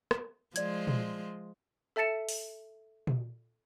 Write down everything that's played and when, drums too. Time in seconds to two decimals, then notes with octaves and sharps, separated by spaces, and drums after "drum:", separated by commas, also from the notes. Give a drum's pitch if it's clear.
0.11 drum: rim click
0.56 F3 G#3 D5 G#6, drum: hi-hat
0.87 drum: tom A#2
1.96 A4 E5 A5 A6 C#7 E7
2.29 drum: open hi-hat
3.07 drum: tom A#2